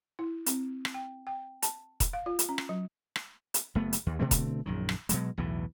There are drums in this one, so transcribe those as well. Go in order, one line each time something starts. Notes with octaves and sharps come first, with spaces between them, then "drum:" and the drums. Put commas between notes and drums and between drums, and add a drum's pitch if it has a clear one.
E4
C4, drum: hi-hat
drum: rim click
G5
G5
A5, drum: hi-hat
drum: kick E1, hi-hat
F5
F4
drum: hi-hat
C#4
drum: rim click
F#3
drum: rim click
drum: hi-hat
F#1 A3 B3
drum: hi-hat
D#2
B2 D3 A3 C4
drum: kick E1, hi-hat
A#1 F#2 D#3
drum: rim click
B2 F#3 G#3, drum: hi-hat
B1 E2 A2 E3